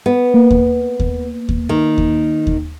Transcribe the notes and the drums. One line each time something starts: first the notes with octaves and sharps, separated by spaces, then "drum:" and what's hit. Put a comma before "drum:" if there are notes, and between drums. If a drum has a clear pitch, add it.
B3
A#3
drum: kick D#2
drum: kick D#2
drum: kick D#2
D#3
drum: kick D#2
drum: kick D#2